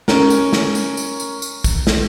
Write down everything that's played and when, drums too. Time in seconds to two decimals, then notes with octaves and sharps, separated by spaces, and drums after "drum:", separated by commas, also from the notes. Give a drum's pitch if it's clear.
0.08 C#4 A#4, drum: snare
0.30 drum: tambourine
0.53 drum: snare
0.75 drum: tambourine
0.97 drum: tambourine
1.20 drum: tambourine
1.42 drum: tambourine
1.64 drum: kick, tambourine
1.87 drum: snare